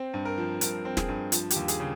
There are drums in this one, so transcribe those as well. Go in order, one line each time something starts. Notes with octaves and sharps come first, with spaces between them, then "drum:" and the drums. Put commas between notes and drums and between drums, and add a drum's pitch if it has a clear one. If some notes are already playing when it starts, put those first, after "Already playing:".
Already playing: C4 C5
G2
A#4
F3
G2 A#4, drum: hi-hat
C4
G#4, drum: snare
G2
F3, drum: hi-hat
G4, drum: hi-hat
D#2
G#4, drum: hi-hat
C#3